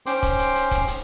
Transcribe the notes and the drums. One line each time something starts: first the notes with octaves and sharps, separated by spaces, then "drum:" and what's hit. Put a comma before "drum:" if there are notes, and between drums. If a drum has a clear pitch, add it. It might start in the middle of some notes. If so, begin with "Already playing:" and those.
C#4 C5 G5 C6 D6, drum: hi-hat
drum: kick, hi-hat
drum: hi-hat
drum: hi-hat
drum: kick, hi-hat
drum: hi-hat